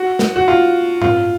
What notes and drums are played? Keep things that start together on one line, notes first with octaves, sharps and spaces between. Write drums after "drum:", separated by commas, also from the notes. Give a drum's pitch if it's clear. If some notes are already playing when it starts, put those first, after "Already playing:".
Already playing: F#4
drum: snare
F#4
F4
F4, drum: tom A2